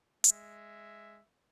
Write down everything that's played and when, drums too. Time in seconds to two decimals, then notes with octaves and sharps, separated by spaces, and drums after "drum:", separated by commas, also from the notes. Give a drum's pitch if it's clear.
0.24 G#3 E5, drum: hi-hat